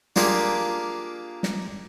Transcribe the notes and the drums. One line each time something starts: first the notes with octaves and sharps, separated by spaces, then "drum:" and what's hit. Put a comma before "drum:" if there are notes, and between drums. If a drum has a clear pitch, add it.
A#3 D4 F4 G4 G#4 A#4, drum: snare
drum: snare